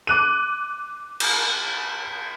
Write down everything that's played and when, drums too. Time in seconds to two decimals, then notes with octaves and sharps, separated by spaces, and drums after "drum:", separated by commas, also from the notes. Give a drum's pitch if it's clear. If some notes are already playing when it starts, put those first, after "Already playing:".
0.07 D6 F#6 D#7
1.20 drum: cymbal